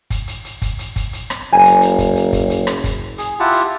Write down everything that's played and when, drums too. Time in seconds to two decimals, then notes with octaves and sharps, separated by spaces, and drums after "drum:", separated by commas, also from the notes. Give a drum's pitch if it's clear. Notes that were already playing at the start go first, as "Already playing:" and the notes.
0.10 drum: kick, hi-hat
0.28 drum: hi-hat
0.45 drum: hi-hat
0.62 drum: kick, hi-hat
0.79 drum: hi-hat
0.96 drum: kick, hi-hat
1.13 drum: hi-hat
1.30 drum: rim click
1.52 F#1 C5 G#5 A#5
1.64 drum: hi-hat
1.81 drum: hi-hat
1.98 drum: kick, hi-hat
2.16 drum: hi-hat
2.33 drum: kick, hi-hat
2.50 drum: hi-hat
2.67 drum: rim click
2.84 drum: kick, hi-hat
3.18 G#4, drum: hi-hat
3.40 E4 F4 G4 F#5 A5
3.52 drum: hi-hat